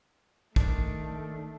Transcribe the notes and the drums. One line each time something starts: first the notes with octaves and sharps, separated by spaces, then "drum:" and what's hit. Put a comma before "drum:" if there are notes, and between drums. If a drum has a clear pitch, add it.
D#3 A3 D4, drum: kick